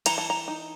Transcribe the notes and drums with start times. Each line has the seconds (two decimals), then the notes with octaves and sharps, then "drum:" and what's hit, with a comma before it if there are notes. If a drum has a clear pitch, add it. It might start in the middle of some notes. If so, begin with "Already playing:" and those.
0.06 E3 A#5, drum: cymbal
0.18 A5
0.30 A#5
0.48 D#4